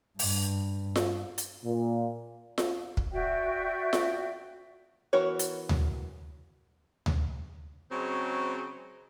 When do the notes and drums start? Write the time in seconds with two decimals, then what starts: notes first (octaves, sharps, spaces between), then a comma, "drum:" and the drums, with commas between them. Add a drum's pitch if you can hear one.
0.19 G2, drum: open hi-hat
0.96 drum: snare F4
1.38 drum: hi-hat
1.64 A#2
2.58 drum: snare F4
2.97 drum: kick
3.12 F#4 D5 E5 G5
3.93 drum: snare F4
5.13 E3 B3 F#4 A#4 C#5
5.39 drum: hi-hat
5.69 drum: tom D2
7.06 drum: tom D2
7.92 C#3 F#3 G#3 C4